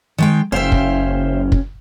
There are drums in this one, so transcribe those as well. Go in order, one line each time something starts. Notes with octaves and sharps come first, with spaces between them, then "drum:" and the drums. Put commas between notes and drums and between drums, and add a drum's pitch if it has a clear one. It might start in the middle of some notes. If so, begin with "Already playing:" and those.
D#3 G#3 G5
F#1 C#4 C5 E5 F5 G5
drum: kick
drum: kick